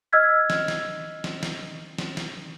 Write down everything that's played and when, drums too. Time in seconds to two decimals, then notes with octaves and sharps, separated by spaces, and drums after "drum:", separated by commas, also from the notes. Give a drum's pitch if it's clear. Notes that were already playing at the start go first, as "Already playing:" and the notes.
0.12 D#5 E6 F6 G#6 B6
0.50 drum: snare
0.68 drum: snare
1.24 drum: snare
1.43 drum: snare
1.98 drum: snare
2.17 drum: snare